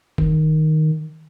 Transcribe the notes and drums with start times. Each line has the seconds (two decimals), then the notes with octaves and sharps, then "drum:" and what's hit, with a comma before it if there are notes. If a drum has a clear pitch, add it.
0.18 D#3, drum: kick F#1